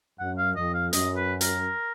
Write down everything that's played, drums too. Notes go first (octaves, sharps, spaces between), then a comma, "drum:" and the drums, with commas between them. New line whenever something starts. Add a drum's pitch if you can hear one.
F#2 F#5
F5
F2 D#5
F5
F#2 D#5, drum: hi-hat
B4
A#4, drum: hi-hat